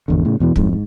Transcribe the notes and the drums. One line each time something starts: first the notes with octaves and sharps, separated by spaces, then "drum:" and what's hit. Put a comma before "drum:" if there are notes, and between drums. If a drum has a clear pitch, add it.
G#1 E2 D3
A2 C#3
E2 B2 E3
F2 G#2, drum: kick
G#2